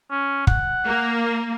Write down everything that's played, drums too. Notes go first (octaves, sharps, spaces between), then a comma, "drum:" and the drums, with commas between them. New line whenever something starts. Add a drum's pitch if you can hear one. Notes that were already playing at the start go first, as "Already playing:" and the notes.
C#4
F#5, drum: kick
A#3